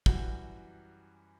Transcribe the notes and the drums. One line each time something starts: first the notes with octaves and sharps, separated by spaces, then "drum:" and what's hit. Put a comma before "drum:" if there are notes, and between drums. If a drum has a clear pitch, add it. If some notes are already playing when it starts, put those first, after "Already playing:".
F#2 E3 G3 F#4, drum: kick